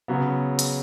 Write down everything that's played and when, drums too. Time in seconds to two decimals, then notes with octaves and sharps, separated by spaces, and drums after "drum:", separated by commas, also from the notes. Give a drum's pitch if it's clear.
0.08 C#3 F#3 B3
0.59 drum: hi-hat